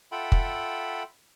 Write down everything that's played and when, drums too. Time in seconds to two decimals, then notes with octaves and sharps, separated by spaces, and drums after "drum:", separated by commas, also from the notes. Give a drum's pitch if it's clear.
0.12 F4 A4 E5 F#5 G5 B5
0.32 drum: kick